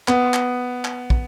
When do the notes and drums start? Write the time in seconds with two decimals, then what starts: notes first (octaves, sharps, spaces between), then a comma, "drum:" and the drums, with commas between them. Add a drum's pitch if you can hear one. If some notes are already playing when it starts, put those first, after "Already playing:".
0.08 B3, drum: clap
0.34 drum: clap
0.85 drum: clap
1.10 drum: kick